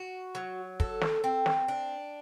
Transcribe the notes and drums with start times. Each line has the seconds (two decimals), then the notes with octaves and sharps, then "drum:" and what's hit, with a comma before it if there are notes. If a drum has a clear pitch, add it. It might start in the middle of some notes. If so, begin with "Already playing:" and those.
Already playing: F#4
0.35 F#3
0.80 A4, drum: kick
1.01 drum: snare
1.24 C4
1.46 drum: snare
1.68 D4